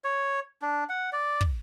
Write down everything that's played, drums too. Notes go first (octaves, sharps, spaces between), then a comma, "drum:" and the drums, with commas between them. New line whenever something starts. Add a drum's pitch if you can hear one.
C#5
D4
F#5
D5
drum: kick